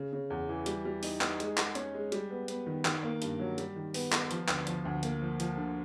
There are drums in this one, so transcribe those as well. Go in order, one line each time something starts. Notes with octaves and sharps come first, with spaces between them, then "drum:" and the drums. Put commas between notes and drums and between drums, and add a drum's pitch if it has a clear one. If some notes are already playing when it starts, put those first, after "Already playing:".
Already playing: C#3
C#3
E2
E3
G3, drum: hi-hat
G3
D#4, drum: open hi-hat
D#4, drum: clap
G#3, drum: hi-hat
G#3, drum: clap
C#4, drum: hi-hat
G#3
G3, drum: hi-hat
B3
B3, drum: hi-hat
D#3
D#3, drum: clap
A#3
G2, drum: hi-hat
F#3
G3, drum: hi-hat
D#3
B3, drum: open hi-hat
B3, drum: clap
F3, drum: hi-hat
D2, drum: clap
F3, drum: hi-hat
D2
A#3, drum: hi-hat
F3
F3, drum: hi-hat
D3